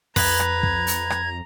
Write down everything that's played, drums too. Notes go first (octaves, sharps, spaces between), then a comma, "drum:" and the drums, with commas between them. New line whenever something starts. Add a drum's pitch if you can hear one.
F2 B4 A#5 G#6, drum: kick, open hi-hat
drum: rim click
drum: kick
drum: hi-hat
drum: rim click